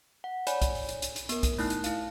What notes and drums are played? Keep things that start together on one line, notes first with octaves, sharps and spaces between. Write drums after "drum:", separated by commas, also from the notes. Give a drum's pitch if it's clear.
F#5
C#5 D5 G#5 B5, drum: hi-hat
drum: kick C2, hi-hat
drum: open hi-hat
drum: hi-hat
drum: hi-hat
drum: hi-hat
B3 A#4, drum: hi-hat
drum: kick C2, hi-hat
A3 D#4 E4 F#6 C7, drum: open hi-hat
drum: hi-hat
E4 F5, drum: hi-hat